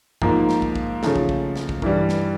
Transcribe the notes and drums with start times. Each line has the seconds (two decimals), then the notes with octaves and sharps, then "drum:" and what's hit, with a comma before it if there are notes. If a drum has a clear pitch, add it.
0.22 G#2 F3 A#3, drum: kick
0.49 drum: snare
0.62 drum: kick
0.76 drum: kick
1.03 C#3 F3 A3, drum: snare
1.16 drum: kick
1.29 drum: kick
1.56 drum: snare
1.69 drum: kick
1.82 G2 E3 G3, drum: kick
2.09 drum: snare